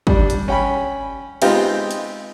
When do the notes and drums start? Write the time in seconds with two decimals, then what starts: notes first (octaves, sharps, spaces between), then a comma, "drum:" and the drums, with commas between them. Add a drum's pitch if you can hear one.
0.07 G3 D4, drum: kick
0.30 drum: hi-hat
0.48 C#4 G5 B5
1.42 G#3 B3 C4 D#4 F4 G4, drum: cymbal
1.91 drum: hi-hat